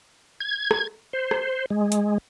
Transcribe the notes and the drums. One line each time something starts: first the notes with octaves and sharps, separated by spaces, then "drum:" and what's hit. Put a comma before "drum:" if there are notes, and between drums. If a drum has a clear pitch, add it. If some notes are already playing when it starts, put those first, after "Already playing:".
G#6
drum: rim click
C5
drum: rim click
G#3
drum: hi-hat